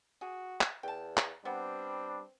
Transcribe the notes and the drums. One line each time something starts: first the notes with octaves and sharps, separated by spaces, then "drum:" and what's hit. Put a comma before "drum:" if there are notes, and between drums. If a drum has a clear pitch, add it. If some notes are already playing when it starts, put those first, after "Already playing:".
F#4 G#4
drum: clap
E2 G5 A5
drum: clap
G3 B3 C4 D4